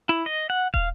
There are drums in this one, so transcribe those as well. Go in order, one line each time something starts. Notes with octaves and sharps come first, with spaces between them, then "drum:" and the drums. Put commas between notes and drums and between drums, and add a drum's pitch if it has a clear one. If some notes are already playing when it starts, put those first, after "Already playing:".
E4
D#5
F#5
F5, drum: kick